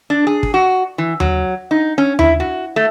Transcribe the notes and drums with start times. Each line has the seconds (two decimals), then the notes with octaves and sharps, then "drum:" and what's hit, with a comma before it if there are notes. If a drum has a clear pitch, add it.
0.10 D4
0.27 G#4
0.43 drum: kick
0.54 F#4
0.98 E3
1.20 F#3, drum: tom D#2
1.71 D#4
1.98 C#4
2.19 E4, drum: tom D#2
2.40 F#4
2.76 A3